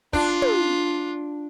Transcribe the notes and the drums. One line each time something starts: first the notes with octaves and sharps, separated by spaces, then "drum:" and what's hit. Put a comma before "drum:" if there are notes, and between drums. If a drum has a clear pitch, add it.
D4 F4, drum: kick
drum: tom